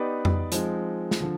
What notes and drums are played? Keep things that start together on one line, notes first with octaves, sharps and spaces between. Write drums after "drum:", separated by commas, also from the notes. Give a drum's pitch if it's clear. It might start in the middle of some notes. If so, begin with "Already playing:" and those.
Already playing: B3 D#4 G4 B4 D5
drum: tom F2
F3 G#3 C4 D#4, drum: hi-hat
drum: snare
D3 F3